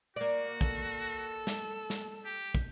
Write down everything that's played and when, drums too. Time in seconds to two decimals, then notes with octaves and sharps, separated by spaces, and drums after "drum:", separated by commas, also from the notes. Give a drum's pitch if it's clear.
0.16 A#3 F#4 D5
0.61 A4, drum: kick
1.47 drum: snare
1.90 drum: snare
2.25 G4
2.55 drum: kick